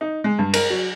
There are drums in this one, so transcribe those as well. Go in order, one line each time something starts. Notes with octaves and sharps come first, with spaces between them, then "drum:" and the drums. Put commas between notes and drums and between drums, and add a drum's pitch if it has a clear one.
D#4
G#3
G2
A#4, drum: cymbal
F#3